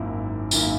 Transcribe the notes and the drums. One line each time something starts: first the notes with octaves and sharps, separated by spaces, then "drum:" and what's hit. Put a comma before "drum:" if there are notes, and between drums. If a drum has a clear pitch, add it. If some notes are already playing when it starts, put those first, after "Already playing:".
Already playing: G#1 F#2 D#3 A#3 E4
G#1 F#2 D#3 A#3 E4, drum: tambourine